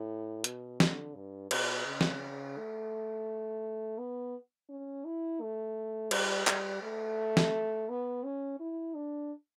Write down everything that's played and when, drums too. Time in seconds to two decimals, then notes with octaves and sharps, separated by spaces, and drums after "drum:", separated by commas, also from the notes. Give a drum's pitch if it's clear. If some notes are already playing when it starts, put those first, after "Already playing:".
Already playing: A2
0.44 B2, drum: hi-hat
0.80 D3, drum: snare
1.15 G2
1.51 B2, drum: cymbal
1.86 C#3
2.01 drum: snare
2.57 A3
3.98 B3
4.69 C#4
5.05 E4
5.41 A3
6.11 G3, drum: cymbal
6.47 G3, drum: clap
6.83 A3
7.37 drum: snare
7.89 B3
8.24 C#4
8.60 E4
8.95 D4